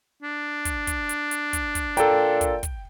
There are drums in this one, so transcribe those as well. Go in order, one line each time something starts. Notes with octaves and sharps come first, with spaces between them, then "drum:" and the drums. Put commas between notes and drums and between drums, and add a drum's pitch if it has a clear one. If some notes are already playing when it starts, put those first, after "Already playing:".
D4
drum: kick, hi-hat
drum: kick, hi-hat
drum: hi-hat
drum: hi-hat
drum: kick, hi-hat
drum: kick, hi-hat
A#2 A4 G5 A#5, drum: hi-hat
drum: kick, hi-hat
drum: kick, hi-hat